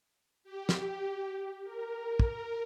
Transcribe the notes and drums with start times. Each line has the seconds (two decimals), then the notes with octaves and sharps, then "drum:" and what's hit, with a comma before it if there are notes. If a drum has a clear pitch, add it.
0.44 G4
0.69 drum: snare
1.63 A#4
2.20 drum: kick